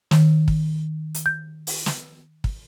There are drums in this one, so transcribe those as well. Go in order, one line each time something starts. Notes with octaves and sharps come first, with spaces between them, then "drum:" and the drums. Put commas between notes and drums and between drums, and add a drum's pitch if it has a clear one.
D#3, drum: snare
drum: kick
drum: hi-hat
G6
drum: open hi-hat
drum: snare
drum: kick